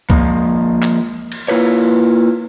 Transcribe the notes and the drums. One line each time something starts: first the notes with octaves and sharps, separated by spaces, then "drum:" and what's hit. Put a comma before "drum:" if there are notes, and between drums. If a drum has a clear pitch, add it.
F3 G#3 A#3, drum: kick C#2
drum: clap
drum: cymbal
A#3 E4 F4 B4 C#5